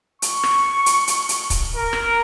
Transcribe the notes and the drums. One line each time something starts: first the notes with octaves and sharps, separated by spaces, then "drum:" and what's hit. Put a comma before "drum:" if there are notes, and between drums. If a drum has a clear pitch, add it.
C#6, drum: hi-hat
drum: rim click
drum: hi-hat
drum: hi-hat
drum: hi-hat
drum: kick C#1, hi-hat
A#4
drum: rim click